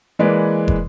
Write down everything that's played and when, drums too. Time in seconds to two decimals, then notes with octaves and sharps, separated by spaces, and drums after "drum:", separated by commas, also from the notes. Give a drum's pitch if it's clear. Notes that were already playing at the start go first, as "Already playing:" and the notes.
0.19 E3 G#3 A#3 B4 D5
0.68 drum: kick